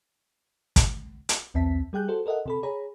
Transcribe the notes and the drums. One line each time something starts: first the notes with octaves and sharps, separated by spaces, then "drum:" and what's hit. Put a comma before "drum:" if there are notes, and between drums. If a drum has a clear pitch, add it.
drum: kick, hi-hat
drum: hi-hat
B1 E2 C4 E5 A5 B6
G3 G#4 G5 F#6 G6
F#4 A4 C5
A4 A#4 D#5 E5 F#5
C3 A4 B5
G#4 C#5 A#5 B5